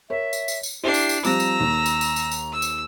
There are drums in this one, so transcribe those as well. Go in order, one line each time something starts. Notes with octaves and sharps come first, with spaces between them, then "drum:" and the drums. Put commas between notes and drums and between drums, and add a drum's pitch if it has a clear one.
A#4 C#5 E5
drum: tambourine
drum: tambourine
drum: tambourine
D4 E4 G4 C7
drum: tambourine
drum: tambourine
F3 G3 C4 A#5 E6 A#6, drum: tambourine
drum: tambourine
D#2
drum: tambourine
drum: tambourine
drum: tambourine
drum: tambourine
E6
drum: tambourine